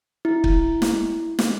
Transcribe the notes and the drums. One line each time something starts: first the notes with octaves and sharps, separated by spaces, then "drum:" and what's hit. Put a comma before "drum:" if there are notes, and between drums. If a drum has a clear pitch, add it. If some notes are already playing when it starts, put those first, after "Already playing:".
E4
drum: kick
drum: snare
drum: snare